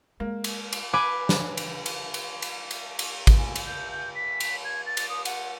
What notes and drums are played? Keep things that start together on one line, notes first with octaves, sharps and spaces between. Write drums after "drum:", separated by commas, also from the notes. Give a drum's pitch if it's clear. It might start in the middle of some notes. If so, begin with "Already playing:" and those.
G#3 A#3
drum: cymbal
drum: cymbal
B4 G#5 D6
drum: snare
drum: cymbal
drum: cymbal
drum: cymbal
drum: cymbal
drum: cymbal
drum: cymbal
drum: kick, cymbal
G#5
drum: cymbal
G6
G6
B6
drum: cymbal
G#6
A6
drum: cymbal
D#6
F#5, drum: cymbal